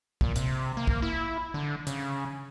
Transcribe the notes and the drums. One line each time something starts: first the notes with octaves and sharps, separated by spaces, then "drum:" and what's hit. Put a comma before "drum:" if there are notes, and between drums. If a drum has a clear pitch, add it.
A#2, drum: kick
C3, drum: hi-hat
A#3
drum: kick
E4
D3
C#3, drum: hi-hat